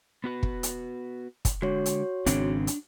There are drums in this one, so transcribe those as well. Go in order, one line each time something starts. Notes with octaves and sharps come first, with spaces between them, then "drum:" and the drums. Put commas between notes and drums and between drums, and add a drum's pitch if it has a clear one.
B3 F#4 B4
drum: kick
drum: hi-hat
drum: kick, hi-hat
D3 G#3 F#4 C#5
drum: hi-hat
G#1 C#3 C4 D4, drum: hi-hat
drum: hi-hat